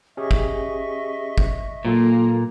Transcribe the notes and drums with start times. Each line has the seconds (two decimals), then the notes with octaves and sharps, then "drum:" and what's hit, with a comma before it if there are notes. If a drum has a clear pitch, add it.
0.17 C#4 G4 G#4 D#5 E5 C#6
0.31 drum: kick G1
1.38 drum: kick G1
1.85 A#2 F#3 A#3 F4 A4